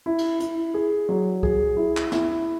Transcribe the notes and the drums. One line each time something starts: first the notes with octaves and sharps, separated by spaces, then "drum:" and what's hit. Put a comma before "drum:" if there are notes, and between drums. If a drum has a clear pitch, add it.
E4
drum: cymbal
E4, drum: hi-hat
G#4
F#3
G#4, drum: kick
E4
drum: clap
E4, drum: snare